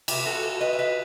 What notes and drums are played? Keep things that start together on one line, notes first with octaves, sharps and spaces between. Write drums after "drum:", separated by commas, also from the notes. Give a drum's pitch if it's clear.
C3 F#3 A3 E4 G4, drum: cymbal
F#4 A4
F#4 A4
B4 D#5
E5
B4 D#5